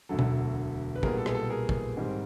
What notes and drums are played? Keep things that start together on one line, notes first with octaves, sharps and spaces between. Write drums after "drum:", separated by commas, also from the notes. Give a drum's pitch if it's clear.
E1 D2 D3 F#3 A4
drum: tom B2
B4
B1 A#2 G3 B3 G#4 A#4, drum: kick
A4
G#4, drum: rim click
A4
G#4 A#4
drum: kick
G#2 D#3 G3 C4